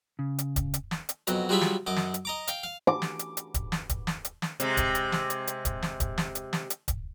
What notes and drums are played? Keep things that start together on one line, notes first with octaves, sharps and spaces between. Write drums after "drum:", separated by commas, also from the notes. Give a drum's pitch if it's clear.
C#3
drum: hi-hat
drum: kick, hi-hat
drum: hi-hat
drum: snare
drum: hi-hat
F2 B2 F#3, drum: hi-hat
F#3 G3 F4 G#4 E5 B5
drum: snare
F#2 D#5 D6
drum: snare
drum: hi-hat
D#5 A#5 D6
F5 G5, drum: hi-hat
F5
D6
drum: snare
drum: hi-hat
drum: hi-hat
drum: kick, hi-hat
drum: snare
drum: kick, hi-hat
drum: snare
drum: hi-hat
drum: snare
C3 G#3, drum: hi-hat
drum: kick, hi-hat
drum: hi-hat
drum: snare
drum: hi-hat
drum: hi-hat
drum: kick, hi-hat
drum: snare
drum: kick, hi-hat
drum: snare
drum: hi-hat
drum: snare
drum: hi-hat
drum: kick, hi-hat